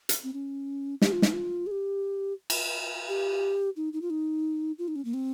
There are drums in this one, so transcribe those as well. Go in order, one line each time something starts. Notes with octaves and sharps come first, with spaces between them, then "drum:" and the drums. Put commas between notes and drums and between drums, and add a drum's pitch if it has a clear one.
drum: hi-hat
C4
C#4
G4, drum: snare
F4
D#4, drum: snare
F4
G#4
G4
drum: cymbal
G4
D#4
D#4
F4
D#4
F4
D#4
C#4
A#3
C4